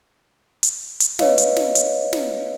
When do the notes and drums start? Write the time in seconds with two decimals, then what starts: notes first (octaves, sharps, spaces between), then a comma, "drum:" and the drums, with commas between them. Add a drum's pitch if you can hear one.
0.63 drum: hi-hat
1.00 drum: hi-hat
1.19 B4 C#5 D#5 F5, drum: snare
1.38 drum: hi-hat
1.56 drum: snare
1.75 drum: hi-hat
2.13 drum: snare